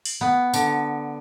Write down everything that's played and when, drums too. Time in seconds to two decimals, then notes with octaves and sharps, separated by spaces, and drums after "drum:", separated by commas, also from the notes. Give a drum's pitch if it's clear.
0.05 drum: open hi-hat
0.21 B3
0.54 D3, drum: tambourine